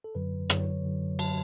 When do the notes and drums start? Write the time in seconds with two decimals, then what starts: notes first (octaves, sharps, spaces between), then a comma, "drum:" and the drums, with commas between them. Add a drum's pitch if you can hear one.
0.04 A4
0.15 F#2 D3 F#3 B4
0.50 F#2 D3 F#3 C#5, drum: rim click
0.84 F#2 D3 F#3
1.19 D3 F#3 A5, drum: cymbal